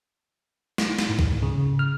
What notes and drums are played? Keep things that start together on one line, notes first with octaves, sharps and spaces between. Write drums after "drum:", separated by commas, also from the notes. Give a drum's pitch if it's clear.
drum: snare
drum: snare
G#2
drum: kick C2
C#3
F6